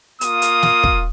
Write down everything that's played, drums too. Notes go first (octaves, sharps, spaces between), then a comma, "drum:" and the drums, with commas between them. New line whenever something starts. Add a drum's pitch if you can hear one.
A#3 F4 D#6, drum: hi-hat
drum: hi-hat
drum: snare
drum: kick